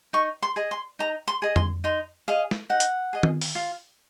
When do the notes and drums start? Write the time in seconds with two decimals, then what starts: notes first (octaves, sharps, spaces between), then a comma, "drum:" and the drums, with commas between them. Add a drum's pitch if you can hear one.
0.13 D#4 C#6
0.42 C6
0.56 G#4 D#5
0.71 C6
0.99 D#4 A#5
1.28 C6
1.42 G#4 D#5
1.56 C6, drum: tom F2
1.84 D#4 C6
2.28 G#4 D#5 F5
2.51 drum: snare
2.69 D#4 F#5
2.80 drum: hi-hat
3.13 G#4 D#5
3.23 drum: tom D#3
3.41 drum: open hi-hat
3.55 F4